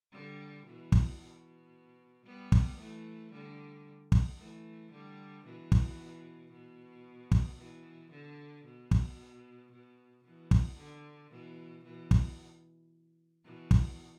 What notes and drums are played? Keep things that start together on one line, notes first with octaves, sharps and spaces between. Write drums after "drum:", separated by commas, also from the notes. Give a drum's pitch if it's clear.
D3 G3
B2 E3
drum: kick
B2
G3 B3
drum: kick
E3 A3
D3 G3
drum: kick
E3 A3
D3 G3
B2 E3
drum: kick
B2
drum: kick
B2 E3
D3
B2
drum: kick
B2
B2 E3
drum: kick
D3
B2 E3
B2 E3
drum: kick
B2 E3
drum: kick